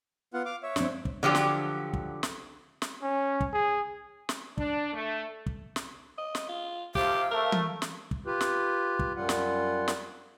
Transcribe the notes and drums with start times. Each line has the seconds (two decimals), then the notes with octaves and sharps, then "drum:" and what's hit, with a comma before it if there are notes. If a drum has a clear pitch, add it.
0.34 B3 F4 F#5
0.46 F5 D6
0.63 C#5 E5
0.76 C4 D4, drum: snare
1.05 drum: kick
1.23 D3 F3 F#3 G4
1.35 drum: snare
1.93 drum: kick
2.23 drum: snare
2.82 drum: snare
3.02 C#4
3.41 drum: kick
3.53 G#4
4.29 drum: snare
4.58 D4, drum: kick
4.93 A3
5.46 drum: kick
5.76 drum: snare
6.18 D#5
6.35 drum: snare
6.49 F4
6.95 C3 F3 G4 F5, drum: kick
7.31 A3 A#4
7.52 drum: tom E3
7.82 drum: snare
8.11 drum: kick
8.26 F4 G4 B4
8.41 drum: snare
8.99 drum: kick
9.16 F#2 G3 F4 F#5
9.29 drum: snare
9.88 drum: snare